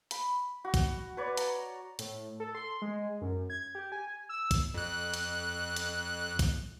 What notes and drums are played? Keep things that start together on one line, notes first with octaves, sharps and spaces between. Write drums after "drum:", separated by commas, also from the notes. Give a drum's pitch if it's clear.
B5, drum: hi-hat
F#4
drum: kick, hi-hat
B4 C#5 D5
A#5, drum: hi-hat
A2, drum: hi-hat
A4
C6
G#3
F#2
G#6
G4
G#5
E6
drum: kick, hi-hat
F2 F#6
drum: hi-hat
drum: hi-hat
drum: kick, hi-hat